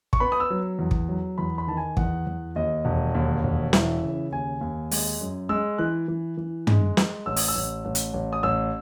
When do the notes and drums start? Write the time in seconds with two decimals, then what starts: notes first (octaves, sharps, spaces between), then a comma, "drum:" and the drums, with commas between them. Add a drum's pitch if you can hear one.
0.13 C#6, drum: kick
0.20 B3 B5
0.32 D#6
0.40 E6
0.50 F#3
0.79 E2
0.91 drum: kick
1.09 F#3
1.38 E2 B5
1.58 B5
1.67 D#3 A5
1.77 G#5
1.97 E2 F#5, drum: kick
2.27 E2
2.56 D#2 D#5
2.85 E1
3.15 D#2
3.44 E1
3.73 E3 E5, drum: snare
4.03 C#3
4.32 D#2 G#5
4.61 D#2
4.91 G#3, drum: open hi-hat
5.21 F#2
5.49 G#3 E6
5.78 E3 F#6
6.08 E3
6.37 E3
6.67 G#3, drum: tom
6.97 G#3, drum: snare
7.26 A1 E6
7.36 D#6, drum: open hi-hat
7.48 E6
7.55 A1
7.85 A1
7.95 drum: hi-hat
8.14 A1
8.33 D#6
8.43 A1 E6